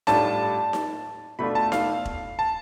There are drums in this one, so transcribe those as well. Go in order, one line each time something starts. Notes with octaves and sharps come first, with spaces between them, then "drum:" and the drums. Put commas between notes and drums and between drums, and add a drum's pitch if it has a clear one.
A2 G3 D4 F4 A5, drum: snare D#4
drum: snare D#4
B2 A3 D4 F4 B5
A5
F5, drum: snare D#4
drum: kick E1
A5